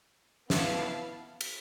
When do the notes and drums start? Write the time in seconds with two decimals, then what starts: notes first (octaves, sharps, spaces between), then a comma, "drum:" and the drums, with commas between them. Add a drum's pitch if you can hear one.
0.50 B3 E4 B4 F5 A5, drum: snare
1.41 drum: cymbal